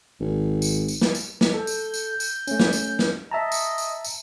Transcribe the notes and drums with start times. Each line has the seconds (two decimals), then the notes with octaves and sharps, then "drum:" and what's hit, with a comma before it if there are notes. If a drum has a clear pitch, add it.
0.20 G#1
0.62 drum: tambourine
0.88 drum: tambourine
1.01 drum: snare
1.15 drum: tambourine
1.41 drum: snare
1.54 A4 G6
1.67 drum: tambourine
1.94 drum: tambourine
2.20 drum: tambourine
2.47 A3 C#4, drum: tambourine
2.60 drum: snare
2.73 drum: tambourine
2.99 drum: snare
3.31 D#5 E5 A5 A#5
3.52 drum: tambourine
3.78 drum: tambourine
4.04 drum: tambourine